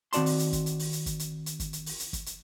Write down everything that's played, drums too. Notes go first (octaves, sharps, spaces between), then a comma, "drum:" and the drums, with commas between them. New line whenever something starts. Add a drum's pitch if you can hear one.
D#3 C4 F#4 D5 A5 C6, drum: hi-hat
drum: open hi-hat
drum: hi-hat
drum: kick, hi-hat
drum: hi-hat
drum: open hi-hat
drum: hi-hat
drum: kick, hi-hat
drum: hi-hat
drum: hi-hat
drum: kick, hi-hat
drum: hi-hat
drum: open hi-hat
drum: hi-hat
drum: kick, hi-hat
drum: hi-hat